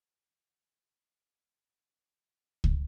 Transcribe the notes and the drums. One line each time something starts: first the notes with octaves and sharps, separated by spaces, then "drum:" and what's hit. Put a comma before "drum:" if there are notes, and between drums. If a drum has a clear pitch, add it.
D3 D#3 F3 C4 D4 F6
C4 E4 G4 C#5
C4 A#4 D#5
drum: kick C#2